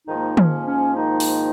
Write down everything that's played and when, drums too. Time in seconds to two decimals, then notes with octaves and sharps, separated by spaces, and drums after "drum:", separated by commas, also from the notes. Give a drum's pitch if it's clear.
0.07 G#2 D#3 F3 A#3 D#4
0.37 C#4, drum: tom
0.67 C#4
0.96 D#3 D#4
1.20 drum: open hi-hat